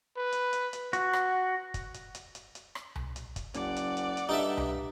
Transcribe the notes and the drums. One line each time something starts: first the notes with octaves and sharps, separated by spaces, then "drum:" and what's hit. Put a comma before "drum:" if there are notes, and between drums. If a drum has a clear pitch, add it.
B4
drum: hi-hat
drum: hi-hat
drum: hi-hat
F#4, drum: hi-hat
drum: rim click
drum: kick, hi-hat
drum: hi-hat
drum: hi-hat
drum: hi-hat
drum: hi-hat
drum: rim click
drum: tom C2
drum: hi-hat
drum: kick, hi-hat
F#1 D5 F#5, drum: hi-hat
drum: hi-hat
drum: hi-hat
drum: hi-hat
G2 D#4 A4 E5
drum: tom C2